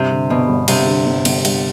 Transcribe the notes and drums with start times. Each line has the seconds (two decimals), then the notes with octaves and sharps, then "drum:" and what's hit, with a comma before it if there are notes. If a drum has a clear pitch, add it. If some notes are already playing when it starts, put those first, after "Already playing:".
Already playing: G2 C3
0.11 D3
0.30 G1 B2
0.49 G1
0.68 G2 C3, drum: cymbal
0.87 D3
1.06 G1
1.25 G1, drum: cymbal
1.45 G2, drum: cymbal